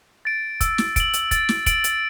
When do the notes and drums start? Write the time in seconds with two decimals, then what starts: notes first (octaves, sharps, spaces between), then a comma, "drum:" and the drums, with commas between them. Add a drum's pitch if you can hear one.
0.25 A6 D7
0.61 E6, drum: kick, hi-hat
0.78 drum: snare
0.96 D7 F#7, drum: kick, hi-hat
1.13 drum: hi-hat
1.31 A6, drum: kick, hi-hat
1.49 drum: snare
1.66 D7 F#7, drum: kick, hi-hat
1.84 drum: hi-hat